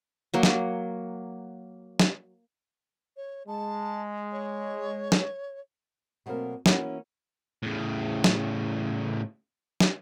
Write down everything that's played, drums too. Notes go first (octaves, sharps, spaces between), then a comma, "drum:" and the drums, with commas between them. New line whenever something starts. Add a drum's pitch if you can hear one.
F#3 A#3
drum: snare
drum: snare
C#5
G#3 A5
C#5
drum: snare
B2 F#3 A3 A#3 C4 A#4
E3 A#3 B3 C#4 E4 F#4, drum: snare
A2 C#3
drum: snare
drum: snare